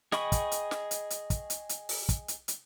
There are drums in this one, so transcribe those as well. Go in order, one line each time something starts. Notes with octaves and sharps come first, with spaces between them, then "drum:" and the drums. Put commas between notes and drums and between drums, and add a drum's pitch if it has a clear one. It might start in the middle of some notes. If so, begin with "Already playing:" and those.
G#4 D#5 G5 B5 C#6, drum: snare
drum: kick, hi-hat
drum: hi-hat
drum: snare
drum: hi-hat
drum: hi-hat
drum: kick, hi-hat
drum: hi-hat
drum: hi-hat
drum: open hi-hat
drum: kick, hi-hat
drum: hi-hat
drum: hi-hat